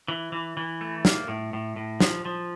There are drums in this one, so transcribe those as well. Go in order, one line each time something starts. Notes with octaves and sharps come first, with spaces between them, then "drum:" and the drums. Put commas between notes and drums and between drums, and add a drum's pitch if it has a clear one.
E3
E3
E3
A3
A#3, drum: snare
A2
A2
A2
F3, drum: snare
F3